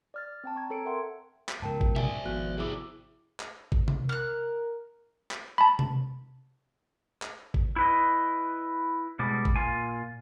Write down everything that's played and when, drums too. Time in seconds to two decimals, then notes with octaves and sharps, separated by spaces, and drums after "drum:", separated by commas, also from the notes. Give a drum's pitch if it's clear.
0.14 D5 F6 A6
0.44 C4 G5 A5
0.55 A#5 C#6 G#6
0.70 C4 A4 C#5 A#5 C#7 D7
0.85 A#4 E5 F#5 G5 C6
1.49 drum: clap
1.62 G#2 C#3 A#4 G5 A5
1.81 drum: kick G#1
1.96 D5 E5 G#5, drum: tom B2
2.25 G#1 F3 B3 F#4 F#6
2.58 C3 E4 G#4 D6
3.40 drum: clap
3.72 drum: kick G#1
3.88 drum: tom C3
4.09 A#4 F6 F#6
5.31 drum: clap
5.58 A5 B5
5.79 drum: tom C3
7.22 drum: clap
7.54 drum: kick G#1
7.76 E4 B4 D#5
9.19 B2 G3 G#3
9.45 drum: kick G#1
9.56 A#2 F4 G#5